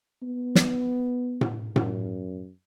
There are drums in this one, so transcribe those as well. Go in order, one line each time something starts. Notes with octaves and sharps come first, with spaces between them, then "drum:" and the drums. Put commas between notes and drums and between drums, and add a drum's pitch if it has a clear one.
B3
drum: snare
drum: tom A2
F#2, drum: tom A2